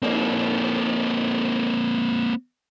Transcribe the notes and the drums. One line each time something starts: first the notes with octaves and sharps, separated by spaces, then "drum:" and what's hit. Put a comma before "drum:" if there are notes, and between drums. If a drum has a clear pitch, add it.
A#3 C4, drum: cymbal